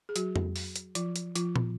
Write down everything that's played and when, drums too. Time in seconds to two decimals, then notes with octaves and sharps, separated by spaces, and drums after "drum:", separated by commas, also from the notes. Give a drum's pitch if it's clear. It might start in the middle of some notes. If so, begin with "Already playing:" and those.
0.09 G#4
0.16 F#3 F#4, drum: hi-hat
0.36 drum: tom F2
0.56 drum: open hi-hat
0.76 drum: hi-hat
0.95 F3 F4, drum: hi-hat
1.16 drum: hi-hat
1.36 F3 F4, drum: hi-hat
1.56 drum: tom